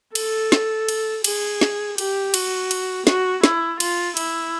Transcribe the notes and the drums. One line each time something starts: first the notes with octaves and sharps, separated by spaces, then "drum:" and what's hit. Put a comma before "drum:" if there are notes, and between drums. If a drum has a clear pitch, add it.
A4, drum: cymbal
drum: snare
drum: cymbal
G#4, drum: cymbal
drum: snare
G4, drum: cymbal
F#4, drum: cymbal
drum: cymbal
F#4, drum: snare
E4, drum: snare
F4, drum: cymbal
E4, drum: cymbal